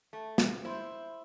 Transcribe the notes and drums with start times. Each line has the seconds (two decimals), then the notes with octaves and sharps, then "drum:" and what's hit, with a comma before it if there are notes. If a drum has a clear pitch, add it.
0.13 A3
0.38 drum: snare
0.65 E4 C5